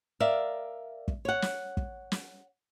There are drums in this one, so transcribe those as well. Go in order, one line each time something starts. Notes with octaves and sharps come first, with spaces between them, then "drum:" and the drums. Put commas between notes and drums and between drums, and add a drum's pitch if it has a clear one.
A#4 D5 E5 F5
drum: kick
C#5 F#5
drum: snare
drum: kick
drum: snare